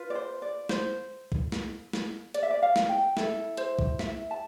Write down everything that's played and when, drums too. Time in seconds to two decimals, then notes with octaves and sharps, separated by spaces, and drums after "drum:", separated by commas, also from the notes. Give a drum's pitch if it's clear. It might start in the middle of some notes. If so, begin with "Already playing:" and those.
Already playing: F4 B4
0.10 D5
0.15 C5
0.42 D5
0.69 C5, drum: snare
1.32 drum: kick
1.52 drum: snare
1.93 drum: snare
2.34 D5, drum: hi-hat
2.43 E5
2.50 D5
2.62 F5
2.76 drum: snare
2.89 G5
3.17 E4 A4, drum: snare
3.57 C5, drum: hi-hat
3.79 drum: kick
3.99 E5, drum: snare
4.31 A5